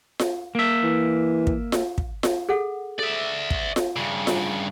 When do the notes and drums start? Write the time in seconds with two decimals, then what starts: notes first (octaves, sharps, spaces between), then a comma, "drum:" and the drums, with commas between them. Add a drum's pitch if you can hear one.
0.19 drum: snare F4
0.55 A#3 E5
0.83 E3
1.47 drum: kick
1.72 drum: snare F4
1.98 drum: kick
2.23 drum: snare F4
2.49 G#4 A4 F#5
2.99 A4 D5 E5
3.51 drum: kick
3.76 drum: snare F4
3.96 G2 C#3
4.27 drum: snare F4